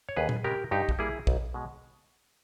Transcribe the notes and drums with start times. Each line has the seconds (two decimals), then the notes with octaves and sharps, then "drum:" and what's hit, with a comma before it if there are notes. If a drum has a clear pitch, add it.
0.09 C#5
0.17 D#2 G#4 B4
0.29 drum: tom A#2
0.44 C#3 G#3 G4 A#4
0.71 G2 D#4 G4
0.89 drum: kick A#1
0.99 G3 A#3 E4 G#4
1.27 B1, drum: kick A#1
1.54 B2 G#3